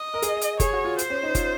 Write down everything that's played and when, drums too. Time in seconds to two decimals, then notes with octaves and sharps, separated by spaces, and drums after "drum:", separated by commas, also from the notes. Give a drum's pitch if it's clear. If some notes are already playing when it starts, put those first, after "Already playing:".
Already playing: D#5
0.14 A#4
0.22 G#4, drum: hi-hat
0.41 drum: hi-hat
0.60 G#4 C#5, drum: kick F#1, hi-hat
0.73 F#4
0.85 F4
0.98 C5, drum: hi-hat
1.10 C#4
1.23 D#4
1.35 F4, drum: kick F#1, hi-hat